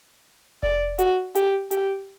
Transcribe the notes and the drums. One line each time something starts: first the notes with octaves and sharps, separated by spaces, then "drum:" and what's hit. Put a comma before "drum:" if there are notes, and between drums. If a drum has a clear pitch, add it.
D5, drum: kick F1
F#4, drum: hi-hat
G4, drum: hi-hat
G4, drum: hi-hat